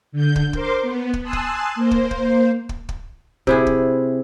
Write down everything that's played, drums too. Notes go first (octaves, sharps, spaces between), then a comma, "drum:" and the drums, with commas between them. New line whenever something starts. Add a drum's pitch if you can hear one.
D3 G6
drum: kick
A#4 C5 C6 D6, drum: kick
B3
drum: kick
G#5 A5 C6 D#6 E6 F#6
drum: kick
A#3 C5
drum: kick
drum: kick
drum: kick
drum: kick
C3 E4 G#4, drum: kick
drum: kick